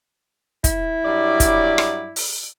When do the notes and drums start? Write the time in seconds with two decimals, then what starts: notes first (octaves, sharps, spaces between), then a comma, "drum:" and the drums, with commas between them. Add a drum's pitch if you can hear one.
0.64 E4, drum: kick, hi-hat
1.05 G2 F#3 D5
1.40 drum: kick, hi-hat
1.78 drum: rim click
2.16 drum: open hi-hat